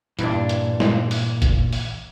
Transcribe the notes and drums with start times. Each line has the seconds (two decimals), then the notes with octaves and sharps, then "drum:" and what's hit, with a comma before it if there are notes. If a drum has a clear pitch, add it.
0.19 G2 A#2 E3 D4, drum: hi-hat
0.49 drum: hi-hat
0.80 drum: snare
1.11 drum: open hi-hat
1.42 drum: kick, hi-hat
1.73 drum: open hi-hat